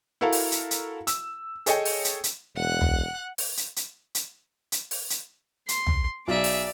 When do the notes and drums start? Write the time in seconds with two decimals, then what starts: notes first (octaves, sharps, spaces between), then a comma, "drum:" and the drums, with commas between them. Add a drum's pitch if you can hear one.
0.21 E4 F#4 A4 A#4 F5
0.33 drum: open hi-hat
0.52 drum: hi-hat
0.71 drum: hi-hat
1.07 E6, drum: hi-hat
1.66 G#4 A4 C#5 D#5 G5 G#5, drum: hi-hat
1.85 drum: open hi-hat
2.04 drum: hi-hat
2.24 drum: hi-hat
2.56 E1 F#5 F#6
2.81 drum: tom
3.38 drum: open hi-hat
3.57 drum: hi-hat
3.76 drum: hi-hat
4.15 drum: hi-hat
4.72 drum: hi-hat
4.91 drum: open hi-hat
5.10 drum: hi-hat
5.69 C6, drum: hi-hat
5.87 drum: tom
6.28 B1 G#4 D5 E5
6.44 drum: open hi-hat